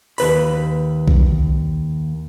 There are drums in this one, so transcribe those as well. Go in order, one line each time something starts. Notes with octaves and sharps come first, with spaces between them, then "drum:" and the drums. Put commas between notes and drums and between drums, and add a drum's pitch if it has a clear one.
D#2 B4 B5, drum: open hi-hat
drum: kick B1